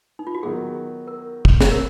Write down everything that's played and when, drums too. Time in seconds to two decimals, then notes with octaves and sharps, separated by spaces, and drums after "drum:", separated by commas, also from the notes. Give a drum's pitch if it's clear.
0.19 D#4
0.27 F4
0.35 F#4
0.43 D#3 F#3 B3 G#4
1.07 A#4
1.45 drum: kick
1.61 G#4, drum: snare
1.71 A#4